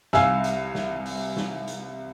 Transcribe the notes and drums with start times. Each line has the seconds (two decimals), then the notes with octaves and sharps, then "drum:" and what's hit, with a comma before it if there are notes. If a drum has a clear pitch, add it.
0.13 C2 F5 G#5 E6, drum: snare
0.44 drum: hi-hat
0.75 drum: snare
1.06 drum: open hi-hat
1.37 drum: snare
1.68 drum: hi-hat